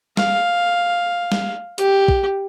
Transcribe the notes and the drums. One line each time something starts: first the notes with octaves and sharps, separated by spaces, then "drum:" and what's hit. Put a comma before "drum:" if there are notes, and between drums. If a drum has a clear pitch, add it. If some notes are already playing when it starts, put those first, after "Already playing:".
F5, drum: snare
drum: snare
G4, drum: hi-hat
drum: kick